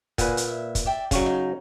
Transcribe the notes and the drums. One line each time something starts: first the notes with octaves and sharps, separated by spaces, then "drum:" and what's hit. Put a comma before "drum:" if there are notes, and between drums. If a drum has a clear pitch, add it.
A#2 F#4 G#4 B4, drum: kick, hi-hat
drum: hi-hat
E5
drum: kick, hi-hat
D5 E5 G5
C#3 F#3 D5 C#6, drum: kick, hi-hat
D#4